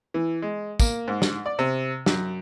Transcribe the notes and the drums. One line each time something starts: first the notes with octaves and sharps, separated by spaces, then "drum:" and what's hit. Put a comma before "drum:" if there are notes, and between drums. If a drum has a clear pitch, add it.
E3
G#3
A#3, drum: kick, tambourine
G#2
drum: snare
D5
C3
F#2, drum: snare